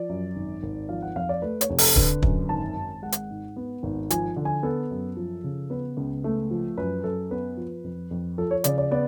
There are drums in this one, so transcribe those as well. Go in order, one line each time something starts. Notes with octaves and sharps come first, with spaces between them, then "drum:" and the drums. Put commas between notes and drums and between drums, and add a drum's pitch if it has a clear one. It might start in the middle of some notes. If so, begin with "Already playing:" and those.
Already playing: F3 D5
F#2
G#1
G#1
F3 F5
F#5
F2 F5
D5
A3 B4
C#5, drum: hi-hat
F1
A4, drum: open hi-hat
D3 B4, drum: kick
F#2, drum: kick
G#1 A5
G#1
G#3 F#5
drum: hi-hat
G#2
B3
G#1
F3 G#5, drum: hi-hat
D3
G#5
B3 A4
F#2
F3
C#3
B3 B4
C#2
A3
F3
F#2 B4
F#2 A4
B3 B4
F3
F2
F2
F3 A4
C#5
C#3 D5, drum: hi-hat
D5
B3 D5